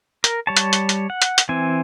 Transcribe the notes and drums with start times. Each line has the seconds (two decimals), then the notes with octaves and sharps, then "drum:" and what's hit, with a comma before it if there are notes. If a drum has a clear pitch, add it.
0.24 A#4, drum: hi-hat
0.47 G3 C#5 A5
0.57 drum: hi-hat
0.73 drum: hi-hat
0.89 drum: hi-hat
1.10 F#5
1.22 drum: hi-hat
1.38 drum: hi-hat
1.49 E3 C4 G#5